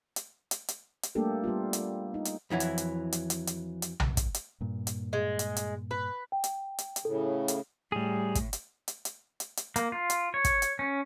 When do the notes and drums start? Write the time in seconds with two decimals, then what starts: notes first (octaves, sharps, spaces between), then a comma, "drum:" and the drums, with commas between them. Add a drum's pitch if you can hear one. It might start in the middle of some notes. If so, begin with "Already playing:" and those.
0.16 drum: hi-hat
0.51 drum: hi-hat
0.68 drum: hi-hat
1.03 drum: hi-hat
1.15 G3 A3 A#3 D4 G4 A4
1.44 G3 B3 F4
1.73 drum: hi-hat
2.14 D#4
2.25 drum: hi-hat
2.50 F2 E3 F#3 E4
2.60 drum: hi-hat
2.78 drum: hi-hat
3.12 drum: hi-hat
3.30 drum: hi-hat
3.47 drum: hi-hat
3.82 drum: hi-hat
4.00 drum: tom B1
4.17 drum: kick, hi-hat
4.34 drum: hi-hat
4.61 G2 A#2
4.87 drum: hi-hat
5.13 G#3
5.39 drum: hi-hat
5.56 drum: hi-hat
5.91 B4
6.32 G5
6.44 drum: hi-hat
6.78 drum: hi-hat
6.96 drum: hi-hat
7.05 A2 C#3 A4
7.48 drum: hi-hat
7.92 A2 G3 G#4
8.35 drum: kick, hi-hat
8.53 drum: hi-hat
8.88 drum: hi-hat
9.05 drum: hi-hat
9.40 drum: hi-hat
9.57 drum: hi-hat
9.76 A#3, drum: hi-hat
9.92 F4
10.10 drum: hi-hat
10.34 C#5
10.45 drum: kick, hi-hat
10.62 drum: hi-hat
10.79 C#4